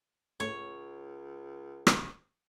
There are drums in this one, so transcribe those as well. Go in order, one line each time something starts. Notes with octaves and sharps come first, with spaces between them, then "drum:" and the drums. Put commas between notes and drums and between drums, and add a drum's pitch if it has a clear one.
C#2 A2 C#5
drum: rim click